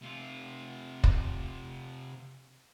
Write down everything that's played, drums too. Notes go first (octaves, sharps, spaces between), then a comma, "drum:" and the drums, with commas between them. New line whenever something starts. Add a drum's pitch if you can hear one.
C3 F4
drum: kick